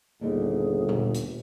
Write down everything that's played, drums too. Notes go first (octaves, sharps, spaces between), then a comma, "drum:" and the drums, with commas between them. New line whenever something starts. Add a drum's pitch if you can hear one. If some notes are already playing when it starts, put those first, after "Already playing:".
G1 D#2 A#2 G#4
drum: tom A#2
drum: hi-hat